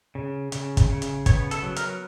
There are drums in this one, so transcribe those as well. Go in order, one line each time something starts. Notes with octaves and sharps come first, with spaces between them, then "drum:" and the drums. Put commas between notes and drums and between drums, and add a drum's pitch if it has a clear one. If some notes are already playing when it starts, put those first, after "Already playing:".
C#3
C#3, drum: hi-hat
drum: kick, hi-hat
C#3
drum: hi-hat
B3 C#5, drum: kick, hi-hat
A4, drum: hi-hat
F#3
A#4, drum: hi-hat